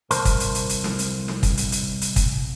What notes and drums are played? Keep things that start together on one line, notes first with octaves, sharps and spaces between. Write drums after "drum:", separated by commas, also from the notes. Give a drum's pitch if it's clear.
C2 A#4 C5 A5 C6, drum: hi-hat
drum: kick, hi-hat
drum: hi-hat
drum: hi-hat
drum: hi-hat
drum: snare
drum: hi-hat
drum: snare
drum: kick, hi-hat
drum: hi-hat
drum: hi-hat
drum: hi-hat
drum: kick, hi-hat